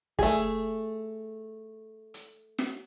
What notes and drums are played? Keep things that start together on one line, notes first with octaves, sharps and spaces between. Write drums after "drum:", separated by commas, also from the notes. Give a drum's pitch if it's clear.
A3 G#4, drum: kick
drum: hi-hat
drum: snare